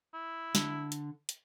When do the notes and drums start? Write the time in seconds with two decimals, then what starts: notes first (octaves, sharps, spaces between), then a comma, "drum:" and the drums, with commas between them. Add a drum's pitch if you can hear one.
0.14 E4
0.55 D3, drum: snare
0.92 drum: hi-hat
1.29 drum: hi-hat